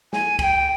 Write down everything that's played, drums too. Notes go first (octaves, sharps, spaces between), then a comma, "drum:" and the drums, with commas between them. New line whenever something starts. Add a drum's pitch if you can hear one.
G#5, drum: snare
G#5, drum: kick, cymbal
G5